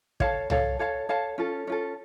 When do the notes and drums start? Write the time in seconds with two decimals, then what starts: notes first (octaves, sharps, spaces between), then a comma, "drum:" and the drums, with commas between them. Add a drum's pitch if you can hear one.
0.20 A4 C#5 F5 A5, drum: kick
0.50 A4 C#5 F5 A5, drum: tom C2
0.79 A4 C#5 F5 A5
1.09 A4 C#5 F5 A5
1.38 C#4 F4 A4
1.67 C#4 F4 A4